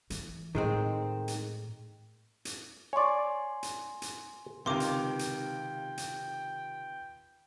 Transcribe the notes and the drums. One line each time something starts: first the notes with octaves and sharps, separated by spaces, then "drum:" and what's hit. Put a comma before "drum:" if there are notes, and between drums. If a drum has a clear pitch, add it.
E3, drum: hi-hat
A2 D#3 G#3 C4
drum: hi-hat
drum: hi-hat
C#5 D5 G#5 C6
drum: hi-hat
drum: hi-hat
C#2 C3 D#3 A#4 F5 G5 C6 D6
drum: hi-hat
drum: hi-hat
drum: hi-hat